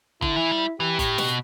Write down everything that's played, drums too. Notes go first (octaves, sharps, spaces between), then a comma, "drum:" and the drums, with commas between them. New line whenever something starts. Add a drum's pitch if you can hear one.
D3 E4, drum: kick F#1
E3
G3
E3 G4
A2, drum: kick F#1, hi-hat
B2, drum: snare